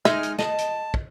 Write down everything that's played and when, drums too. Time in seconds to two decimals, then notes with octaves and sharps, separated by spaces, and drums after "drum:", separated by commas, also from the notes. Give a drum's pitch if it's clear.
0.05 G#3 D#4 E5 F6, drum: snare
0.23 drum: hi-hat
0.39 D#5 A5, drum: snare
0.58 drum: hi-hat
0.94 drum: kick